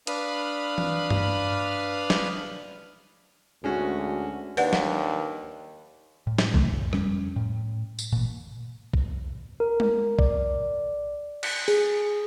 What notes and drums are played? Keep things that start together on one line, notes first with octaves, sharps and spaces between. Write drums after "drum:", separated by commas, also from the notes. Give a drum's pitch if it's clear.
D4 B4 F5 B5 D#6 F6, drum: hi-hat
drum: tom E3
drum: tom G2
drum: snare
D2 G#3 C#4 F#4
D#2 D4 B4 D5 F#5, drum: open hi-hat
drum: snare
A2
drum: snare
C3 D#3 E3 A3, drum: kick
F#1
F2 G3 C#4, drum: rim click
A2
drum: tambourine
A1 A#2
drum: kick
A#4
drum: tom G#3
D5, drum: kick
F#6, drum: cymbal
G#4, drum: open hi-hat